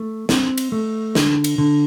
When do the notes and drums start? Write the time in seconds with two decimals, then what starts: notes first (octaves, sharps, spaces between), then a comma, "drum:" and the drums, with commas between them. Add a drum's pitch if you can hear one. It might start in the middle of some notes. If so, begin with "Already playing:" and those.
Already playing: A3
0.29 C4, drum: snare
0.58 drum: cymbal
0.72 A3
1.15 D3, drum: snare
1.44 drum: cymbal
1.58 D3